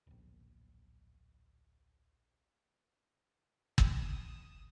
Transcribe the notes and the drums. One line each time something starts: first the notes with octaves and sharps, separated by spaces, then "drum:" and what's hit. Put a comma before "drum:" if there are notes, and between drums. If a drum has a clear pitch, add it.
D1 A#1
D#6 E7, drum: kick G1